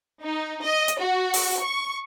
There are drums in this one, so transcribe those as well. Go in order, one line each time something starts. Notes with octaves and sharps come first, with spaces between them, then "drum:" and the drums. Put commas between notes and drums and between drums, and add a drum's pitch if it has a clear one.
D#4
D#5
drum: hi-hat
F#4
drum: open hi-hat
C#6